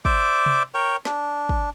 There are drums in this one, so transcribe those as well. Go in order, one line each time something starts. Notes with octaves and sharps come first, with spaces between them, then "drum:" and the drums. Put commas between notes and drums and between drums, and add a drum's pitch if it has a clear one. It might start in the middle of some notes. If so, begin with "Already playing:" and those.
C5 D5 E5 D6, drum: kick
drum: tom C3
A#4 C#5 G5
D4, drum: snare
drum: kick